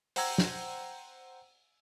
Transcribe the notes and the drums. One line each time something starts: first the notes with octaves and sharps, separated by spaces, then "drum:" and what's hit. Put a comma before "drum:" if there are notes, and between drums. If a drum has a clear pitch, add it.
C5 F#5 G5 A#5 E6 G#6, drum: open hi-hat
drum: snare